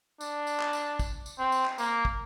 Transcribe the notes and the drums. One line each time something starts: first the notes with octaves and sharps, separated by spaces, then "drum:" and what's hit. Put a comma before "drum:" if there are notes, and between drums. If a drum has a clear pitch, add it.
D4, drum: tambourine
drum: tambourine
drum: clap
drum: tambourine
drum: kick, tambourine
drum: tambourine
C4
drum: tambourine
drum: clap
A#3, drum: tambourine
drum: kick